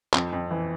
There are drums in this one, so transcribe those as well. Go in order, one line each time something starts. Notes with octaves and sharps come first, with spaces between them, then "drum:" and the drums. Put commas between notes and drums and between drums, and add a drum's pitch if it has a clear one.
F2, drum: clap
F2
E3